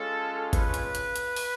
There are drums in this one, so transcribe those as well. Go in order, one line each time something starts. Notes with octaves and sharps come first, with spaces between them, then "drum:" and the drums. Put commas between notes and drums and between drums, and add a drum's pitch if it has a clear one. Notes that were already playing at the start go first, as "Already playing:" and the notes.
Already playing: G#3 C#4 F4 A4
B4, drum: kick G#1, hi-hat
drum: hi-hat
drum: hi-hat
drum: hi-hat
drum: open hi-hat